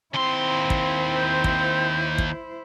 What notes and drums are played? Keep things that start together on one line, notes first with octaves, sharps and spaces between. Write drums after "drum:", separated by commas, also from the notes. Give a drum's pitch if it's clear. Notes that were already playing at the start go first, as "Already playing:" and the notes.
D#2 C4 E4 C5 C6
drum: kick
G6
drum: kick
drum: kick